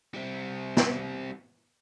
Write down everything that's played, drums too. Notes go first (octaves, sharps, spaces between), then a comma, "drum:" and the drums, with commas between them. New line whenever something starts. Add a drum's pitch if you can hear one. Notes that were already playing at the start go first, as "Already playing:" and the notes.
G3 C4
drum: snare